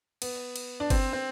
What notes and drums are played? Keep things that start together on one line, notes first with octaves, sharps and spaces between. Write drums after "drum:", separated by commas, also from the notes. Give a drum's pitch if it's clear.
B3, drum: cymbal
drum: cymbal
D4
C4, drum: kick G1, cymbal
C4